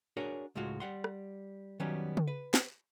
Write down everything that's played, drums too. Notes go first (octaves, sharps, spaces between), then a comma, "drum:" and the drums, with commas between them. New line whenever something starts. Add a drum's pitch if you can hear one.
D4 F#4 G#4 A#4 C#5
C#2 A2 G#3 F4 F#4
G3 F#5 C6
drum: rim click
D#3 F#3 G3 B3 C#4
drum: tom C#3
B4
drum: snare